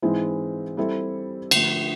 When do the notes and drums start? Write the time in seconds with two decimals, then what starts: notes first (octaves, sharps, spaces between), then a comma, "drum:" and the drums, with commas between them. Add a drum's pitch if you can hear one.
0.02 G#2 E3 G#3 C4 E4
0.77 G3 C4 E4 A4
1.51 D3 F3 A3, drum: cymbal